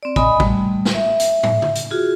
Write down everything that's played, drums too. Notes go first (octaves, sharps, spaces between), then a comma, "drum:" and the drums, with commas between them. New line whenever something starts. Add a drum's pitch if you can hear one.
C4 D5
D#5 G#5 B5 D#6, drum: kick
G3 A3, drum: kick
drum: snare
E5
drum: hi-hat
drum: tom
drum: tom C#3
drum: hi-hat
F4 F#4 G#4